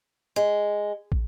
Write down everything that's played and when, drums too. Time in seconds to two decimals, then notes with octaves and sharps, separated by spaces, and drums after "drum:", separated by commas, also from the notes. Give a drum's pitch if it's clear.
0.36 G#3
1.12 drum: kick